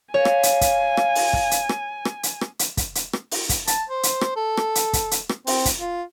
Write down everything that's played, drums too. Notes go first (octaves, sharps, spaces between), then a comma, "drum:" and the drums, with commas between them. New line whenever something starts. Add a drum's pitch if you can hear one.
C#5 F5 G#5
drum: rim click
drum: hi-hat
drum: kick, hi-hat
drum: rim click
drum: open hi-hat
drum: kick
drum: hi-hat
drum: rim click
drum: rim click
drum: hi-hat
drum: rim click
drum: hi-hat
drum: kick, hi-hat
drum: hi-hat
drum: rim click
drum: open hi-hat
drum: kick, hi-hat
A5, drum: hi-hat
C5
drum: hi-hat
drum: rim click
A4
drum: rim click
drum: hi-hat
drum: kick, hi-hat
drum: hi-hat
drum: rim click
C4, drum: open hi-hat
drum: kick, hi-hat
F4